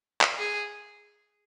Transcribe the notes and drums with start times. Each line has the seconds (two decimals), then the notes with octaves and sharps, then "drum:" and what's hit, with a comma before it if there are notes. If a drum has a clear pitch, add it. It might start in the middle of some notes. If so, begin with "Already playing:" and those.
0.21 drum: clap
0.38 G#4